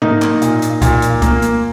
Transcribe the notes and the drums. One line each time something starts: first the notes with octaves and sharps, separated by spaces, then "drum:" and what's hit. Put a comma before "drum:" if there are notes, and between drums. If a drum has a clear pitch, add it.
A#3 D#4, drum: tom G#2
drum: clap
A#2, drum: hi-hat
drum: hi-hat
A#2, drum: kick C2, hi-hat
drum: hi-hat
A#3, drum: kick C2, hi-hat
drum: hi-hat